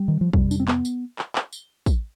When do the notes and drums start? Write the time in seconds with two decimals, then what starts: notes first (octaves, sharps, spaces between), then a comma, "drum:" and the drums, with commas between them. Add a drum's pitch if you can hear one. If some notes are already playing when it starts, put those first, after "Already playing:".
Already playing: G3
0.08 D#3
0.21 F3
0.33 F2 C3 G3, drum: kick
0.51 D4, drum: tambourine
0.60 C4
0.68 B3, drum: clap
0.85 drum: tambourine
1.19 drum: clap
1.36 drum: clap
1.53 drum: tambourine
1.86 drum: kick, tambourine